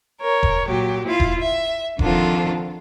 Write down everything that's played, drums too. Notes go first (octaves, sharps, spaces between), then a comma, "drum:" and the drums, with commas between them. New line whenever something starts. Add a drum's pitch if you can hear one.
A#4 C#5
drum: kick E1
A#2 F#3 G4
E4 F4 F5
drum: kick E1
E5
D3 D#3 F3 C4 F4 A4, drum: kick E1